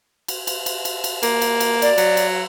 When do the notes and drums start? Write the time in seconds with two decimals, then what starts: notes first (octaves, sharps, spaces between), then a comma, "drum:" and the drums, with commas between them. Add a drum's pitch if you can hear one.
0.28 drum: cymbal
0.47 drum: cymbal
0.66 drum: cymbal
0.85 drum: cymbal
1.04 drum: cymbal
1.23 A#3, drum: cymbal
1.42 drum: cymbal
1.60 drum: cymbal
1.82 D5, drum: cymbal
1.98 F#3, drum: cymbal
2.17 drum: cymbal